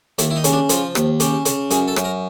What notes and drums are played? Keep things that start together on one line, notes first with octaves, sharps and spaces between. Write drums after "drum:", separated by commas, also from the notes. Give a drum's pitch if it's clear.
D#2 E4, drum: hi-hat
E4
D#4
C#3, drum: hi-hat
D4
F3 F4, drum: hi-hat
D#2, drum: rim click
C#3 G4, drum: hi-hat
C#3, drum: hi-hat
F#2 G#4, drum: hi-hat
A4
F#2, drum: rim click
A#4